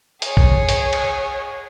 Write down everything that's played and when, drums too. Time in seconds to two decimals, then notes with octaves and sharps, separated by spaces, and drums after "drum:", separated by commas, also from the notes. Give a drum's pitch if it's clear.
0.22 G#4 C#5, drum: hi-hat
0.37 drum: kick
0.69 drum: hi-hat
0.93 drum: cymbal